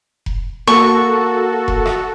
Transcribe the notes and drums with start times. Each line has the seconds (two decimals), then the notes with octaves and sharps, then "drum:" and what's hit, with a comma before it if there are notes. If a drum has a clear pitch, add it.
0.26 drum: kick F1
0.67 A#3 F#4 A4 C#6
1.68 drum: kick F1
1.86 drum: rim click